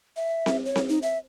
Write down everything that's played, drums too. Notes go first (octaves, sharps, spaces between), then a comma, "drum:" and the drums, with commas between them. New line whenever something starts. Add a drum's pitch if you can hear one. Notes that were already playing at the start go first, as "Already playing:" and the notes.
E5
drum: snare C4
C#5
drum: snare C4
D#4
E5